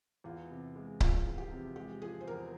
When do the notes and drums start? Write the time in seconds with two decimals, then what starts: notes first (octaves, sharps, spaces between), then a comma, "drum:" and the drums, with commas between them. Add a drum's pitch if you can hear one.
0.24 E2 F4
0.50 C3
0.76 G#3
1.00 F3 F4, drum: kick C#1
1.25 E2
1.38 G4
1.51 C3
1.76 G#3 G4
2.02 F3 G#4
2.21 C5
2.27 E2 A#4